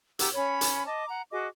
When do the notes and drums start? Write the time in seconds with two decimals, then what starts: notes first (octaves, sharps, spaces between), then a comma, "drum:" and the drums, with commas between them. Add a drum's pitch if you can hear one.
0.19 G4 F#5 A#5 E6, drum: hi-hat
0.34 C#4 C#5 B5
0.61 drum: hi-hat
0.86 D#5 A5 D6
1.07 F#5 A#5
1.32 F#4 G#4 D#5 D6